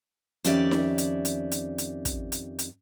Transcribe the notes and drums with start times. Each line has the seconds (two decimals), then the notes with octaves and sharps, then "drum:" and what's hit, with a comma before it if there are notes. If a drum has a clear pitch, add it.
0.45 F2 D#3 C#4 G4 D5 E5, drum: hi-hat
0.71 drum: snare D#4
0.98 drum: hi-hat
1.25 drum: hi-hat
1.52 drum: hi-hat
1.78 drum: hi-hat
2.05 drum: kick, hi-hat
2.32 drum: hi-hat
2.59 drum: hi-hat